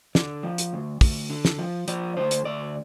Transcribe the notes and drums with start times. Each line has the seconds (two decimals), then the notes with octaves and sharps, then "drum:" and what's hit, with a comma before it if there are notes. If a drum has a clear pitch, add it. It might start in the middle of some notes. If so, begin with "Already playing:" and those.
0.15 D3 D5, drum: snare
0.43 F3
0.58 drum: hi-hat
0.73 D2
1.01 D2, drum: kick, open hi-hat
1.30 D3
1.45 drum: snare
1.58 F3
1.88 F3 D5, drum: hi-hat
2.17 D2 C5
2.31 drum: hi-hat
2.45 D2 D5